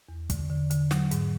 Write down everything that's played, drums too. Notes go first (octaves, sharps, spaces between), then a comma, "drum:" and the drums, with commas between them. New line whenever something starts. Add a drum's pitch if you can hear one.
E2
D3, drum: kick, hi-hat
D3
D3, drum: hi-hat
F#3, drum: snare
G#2, drum: hi-hat